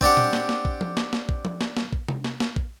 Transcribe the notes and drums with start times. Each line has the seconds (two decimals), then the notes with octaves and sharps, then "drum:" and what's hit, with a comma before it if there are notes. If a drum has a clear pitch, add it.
0.01 C4 D4 G4 F#5, drum: kick
0.17 drum: tom A#2
0.33 drum: snare
0.49 drum: snare
0.65 drum: kick
0.81 drum: tom F3
0.97 drum: snare
1.13 drum: snare
1.29 drum: kick
1.45 drum: tom F3
1.61 drum: snare
1.77 drum: snare
1.93 drum: kick
2.08 drum: tom C3
2.24 drum: snare
2.40 drum: snare
2.56 drum: kick